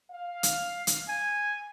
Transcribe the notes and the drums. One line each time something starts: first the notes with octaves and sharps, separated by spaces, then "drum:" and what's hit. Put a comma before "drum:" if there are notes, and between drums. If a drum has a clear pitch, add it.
F5
drum: hi-hat
drum: hi-hat
G#5